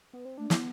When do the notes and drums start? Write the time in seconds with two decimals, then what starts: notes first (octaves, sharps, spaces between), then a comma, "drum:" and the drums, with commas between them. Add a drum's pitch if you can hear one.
0.13 B3
0.25 C4
0.38 A3 D4
0.50 B3 E4, drum: snare